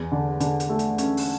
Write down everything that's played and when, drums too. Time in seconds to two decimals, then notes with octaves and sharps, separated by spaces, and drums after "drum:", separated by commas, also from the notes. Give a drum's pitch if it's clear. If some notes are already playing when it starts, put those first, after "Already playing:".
Already playing: E2
0.12 D3
0.40 D3, drum: hi-hat
0.60 drum: hi-hat
0.69 A3
0.79 drum: hi-hat
0.98 C#4, drum: hi-hat
1.17 drum: open hi-hat